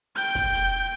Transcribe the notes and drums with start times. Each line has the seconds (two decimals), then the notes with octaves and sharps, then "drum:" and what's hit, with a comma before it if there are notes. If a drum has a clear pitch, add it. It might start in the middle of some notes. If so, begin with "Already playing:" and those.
0.16 G5 G6, drum: hi-hat
0.35 drum: kick, hi-hat
0.54 drum: hi-hat